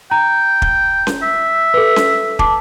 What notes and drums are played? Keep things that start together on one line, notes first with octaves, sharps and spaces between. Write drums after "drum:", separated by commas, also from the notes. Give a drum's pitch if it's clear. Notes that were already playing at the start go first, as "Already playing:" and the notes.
G5 A#5
drum: kick
drum: snare C#4
E5
A4 B4
drum: snare C#4
A5 D6, drum: kick